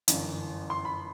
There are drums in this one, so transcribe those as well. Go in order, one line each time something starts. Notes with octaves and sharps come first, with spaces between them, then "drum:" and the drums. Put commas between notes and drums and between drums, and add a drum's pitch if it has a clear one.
G1 F#2 E3, drum: hi-hat
C6
B5